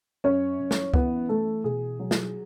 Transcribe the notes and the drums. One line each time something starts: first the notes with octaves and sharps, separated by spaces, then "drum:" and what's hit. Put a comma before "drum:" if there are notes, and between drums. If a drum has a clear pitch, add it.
F#2 C#4 C#5
F#2
drum: snare
E3 B3 B4, drum: kick
E3 A3 A4
B2 G#4
F#3
drum: snare